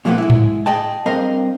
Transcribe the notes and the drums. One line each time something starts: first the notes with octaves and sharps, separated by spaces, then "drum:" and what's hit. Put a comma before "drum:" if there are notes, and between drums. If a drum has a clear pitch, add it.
A#2 F3 G#3 A#3 B3 F#5
G#3 E4
drum: tom G#2
G#4 D#5 G5 A5
G2 C4 A#4 D#5 F5 A#5